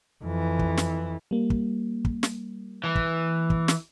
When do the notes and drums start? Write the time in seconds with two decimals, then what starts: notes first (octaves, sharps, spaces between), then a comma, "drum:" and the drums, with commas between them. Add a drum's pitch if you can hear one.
0.23 F2 E3
0.59 drum: kick
0.77 drum: snare
1.31 G3 A#3
1.50 drum: kick
2.05 drum: kick
2.23 drum: snare
2.84 E3
2.95 drum: kick
3.50 drum: kick
3.68 drum: snare